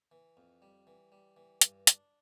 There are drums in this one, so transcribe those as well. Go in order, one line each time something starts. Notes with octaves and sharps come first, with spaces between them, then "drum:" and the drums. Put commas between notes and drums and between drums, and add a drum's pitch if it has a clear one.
E3
F2
G3
E3
G3
E3
G2, drum: hi-hat
D4, drum: hi-hat